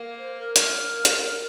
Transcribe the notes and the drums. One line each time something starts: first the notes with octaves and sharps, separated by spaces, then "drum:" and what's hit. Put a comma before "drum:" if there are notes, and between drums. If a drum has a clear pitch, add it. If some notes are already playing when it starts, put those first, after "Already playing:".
Already playing: A#3
C5
A#4
A#4, drum: hi-hat
drum: hi-hat